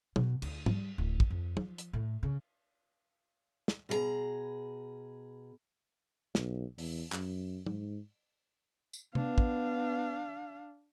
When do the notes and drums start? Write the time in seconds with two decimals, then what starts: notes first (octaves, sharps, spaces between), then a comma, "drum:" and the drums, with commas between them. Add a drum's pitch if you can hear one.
0.16 B2, drum: tom
0.42 D2, drum: cymbal
0.66 G3, drum: tom G#2
0.98 D1
1.20 drum: kick
1.30 F2
1.57 F3, drum: tom
1.78 drum: hi-hat
1.93 A2
2.23 C#3
3.68 drum: snare
3.89 B2 G#4 C#5 A#5
6.35 B1, drum: snare
6.78 E2, drum: open hi-hat
7.12 F#2, drum: clap
7.67 G#2, drum: tom
8.93 drum: tambourine
9.15 B3 D4 F5, drum: tom C3
9.38 drum: kick